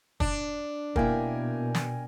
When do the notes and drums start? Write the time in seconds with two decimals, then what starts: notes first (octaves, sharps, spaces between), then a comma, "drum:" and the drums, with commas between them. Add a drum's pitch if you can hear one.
0.20 D4, drum: kick
0.96 B2 A#3 E4 A#4 G5 G#5, drum: kick
1.75 drum: snare